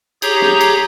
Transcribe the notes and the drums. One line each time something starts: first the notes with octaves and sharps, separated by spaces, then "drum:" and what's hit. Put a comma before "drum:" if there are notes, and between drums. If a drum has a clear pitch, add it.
G4 G#4 C#5 A#5 G6, drum: cymbal
drum: snare
drum: cymbal